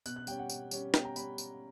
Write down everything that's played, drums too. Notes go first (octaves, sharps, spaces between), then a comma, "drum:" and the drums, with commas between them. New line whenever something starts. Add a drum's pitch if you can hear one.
B2 F#6, drum: tambourine
F#6
G3 C#4 G5, drum: tambourine
F#5
B2, drum: tambourine
G3 C#4, drum: tambourine
B2 G5, drum: snare
A#5
G3 C#4 B5, drum: tambourine
drum: tambourine